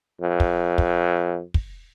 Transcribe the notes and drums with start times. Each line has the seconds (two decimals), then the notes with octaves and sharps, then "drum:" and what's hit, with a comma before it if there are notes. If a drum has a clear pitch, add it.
0.21 F2
0.40 drum: kick
0.78 drum: kick
1.54 drum: kick